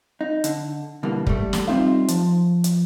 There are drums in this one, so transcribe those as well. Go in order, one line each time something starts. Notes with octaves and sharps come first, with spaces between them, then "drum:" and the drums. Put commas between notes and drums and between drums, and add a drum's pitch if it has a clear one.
D#4
D3, drum: hi-hat
B2 D3 E3 G3 A#3
G3 A3, drum: kick
drum: snare
G3 C4 D#4 F4 E5 F5
F3, drum: hi-hat
drum: hi-hat